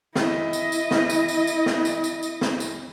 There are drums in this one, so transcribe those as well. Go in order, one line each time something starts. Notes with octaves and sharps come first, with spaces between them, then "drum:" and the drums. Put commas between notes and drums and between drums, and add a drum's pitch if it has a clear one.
E4 D#5, drum: snare
drum: tambourine
drum: tambourine
drum: snare
drum: tambourine
drum: tambourine
drum: tambourine
drum: snare
drum: tambourine
drum: tambourine
drum: tambourine
drum: snare
drum: tambourine